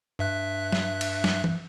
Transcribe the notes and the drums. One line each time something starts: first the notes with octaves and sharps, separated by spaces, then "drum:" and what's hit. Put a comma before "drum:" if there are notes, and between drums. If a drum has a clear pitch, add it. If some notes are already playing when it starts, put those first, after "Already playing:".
G2 E5 F#6
drum: snare
drum: cymbal
drum: snare
drum: tom E3